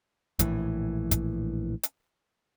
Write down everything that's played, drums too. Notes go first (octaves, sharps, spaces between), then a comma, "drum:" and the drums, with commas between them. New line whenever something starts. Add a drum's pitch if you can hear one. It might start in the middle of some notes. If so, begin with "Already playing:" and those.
A#1 A2 E3, drum: kick, hi-hat
drum: kick, hi-hat
drum: hi-hat